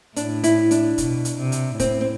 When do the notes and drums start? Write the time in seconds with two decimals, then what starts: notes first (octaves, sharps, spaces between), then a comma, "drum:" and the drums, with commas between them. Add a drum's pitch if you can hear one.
0.16 A2 D4, drum: hi-hat
0.44 E4, drum: hi-hat
0.71 D4, drum: hi-hat
0.98 B2, drum: kick, hi-hat
1.25 drum: hi-hat
1.39 C3
1.52 drum: hi-hat
1.79 A2 C4, drum: kick, hi-hat
2.01 C4